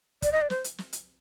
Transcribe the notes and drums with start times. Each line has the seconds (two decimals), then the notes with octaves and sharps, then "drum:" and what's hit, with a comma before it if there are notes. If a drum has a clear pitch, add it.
0.22 D5, drum: kick, hi-hat
0.32 D#5
0.41 D5
0.50 C5, drum: snare
0.64 drum: hi-hat
0.78 drum: snare
0.93 drum: hi-hat